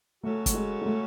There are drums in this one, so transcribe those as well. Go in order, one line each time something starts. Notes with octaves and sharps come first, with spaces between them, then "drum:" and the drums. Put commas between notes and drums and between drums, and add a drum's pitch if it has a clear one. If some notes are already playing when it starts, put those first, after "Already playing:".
C#3 F#3 A3 C#4 F#4 A4
A3, drum: kick, hi-hat
G#3
G#3
A3